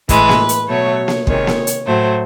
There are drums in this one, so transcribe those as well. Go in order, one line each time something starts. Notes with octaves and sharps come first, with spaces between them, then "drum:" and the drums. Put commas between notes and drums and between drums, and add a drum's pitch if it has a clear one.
A2 E3 G#3 B4, drum: kick, hi-hat
drum: snare A#3
drum: hi-hat
B2 F#3 A3 C#5
drum: snare A#3
C3 D#3 G#3 C#5, drum: kick
drum: snare A#3
drum: hi-hat
A2 F#3 A3 C5